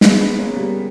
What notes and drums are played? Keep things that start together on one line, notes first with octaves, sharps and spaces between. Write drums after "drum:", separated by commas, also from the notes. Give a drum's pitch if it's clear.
G#3 B3, drum: snare
G#3 B3
A#3 C#4
G3 A#3